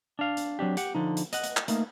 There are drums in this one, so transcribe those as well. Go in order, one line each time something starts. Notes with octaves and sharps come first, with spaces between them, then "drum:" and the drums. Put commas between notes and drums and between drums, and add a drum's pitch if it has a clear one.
D4 F5
drum: hi-hat
F#3 C4 D4 G4
G4 F#5, drum: hi-hat
D3 F3 D#4
drum: hi-hat
D#5 F#5, drum: hi-hat
drum: hi-hat
drum: clap
A3 A#3 D#4, drum: hi-hat